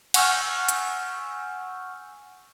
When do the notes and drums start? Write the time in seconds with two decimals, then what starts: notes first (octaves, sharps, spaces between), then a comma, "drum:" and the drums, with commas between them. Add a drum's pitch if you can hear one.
0.14 F#5 G#5 C#6 E6 F6 G6, drum: cymbal
0.69 drum: hi-hat